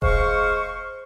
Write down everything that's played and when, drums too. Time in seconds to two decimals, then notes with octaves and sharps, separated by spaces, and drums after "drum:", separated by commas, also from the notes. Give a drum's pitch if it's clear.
0.02 G#3 C5 F5 C#6, drum: kick E1